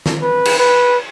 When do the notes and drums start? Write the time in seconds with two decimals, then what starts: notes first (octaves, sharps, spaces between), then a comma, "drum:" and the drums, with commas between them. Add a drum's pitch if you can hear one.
0.06 drum: snare
0.22 B4
0.45 drum: cymbal
0.59 B4